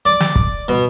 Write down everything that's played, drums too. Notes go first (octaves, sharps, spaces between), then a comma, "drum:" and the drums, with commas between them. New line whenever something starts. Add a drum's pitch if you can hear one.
D5
drum: snare
drum: kick
B2